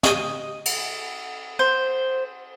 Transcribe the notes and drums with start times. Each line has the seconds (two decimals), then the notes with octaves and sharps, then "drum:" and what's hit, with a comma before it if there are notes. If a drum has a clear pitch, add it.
0.03 D#5, drum: snare
0.65 drum: cymbal
1.59 C5